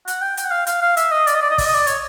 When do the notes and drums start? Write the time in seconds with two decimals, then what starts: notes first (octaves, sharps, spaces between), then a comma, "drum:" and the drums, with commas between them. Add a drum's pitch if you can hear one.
0.08 F#5, drum: hi-hat
0.22 G5
0.37 G5, drum: hi-hat
0.45 F#5
0.51 F5
0.67 F5, drum: hi-hat
0.82 F5
0.97 E5, drum: hi-hat
1.12 D#5
1.27 D5, drum: hi-hat
1.35 D#5
1.42 D5
1.51 D#5
1.58 D5, drum: kick, open hi-hat
1.65 D#5
1.74 D5
1.87 C#5, drum: hi-hat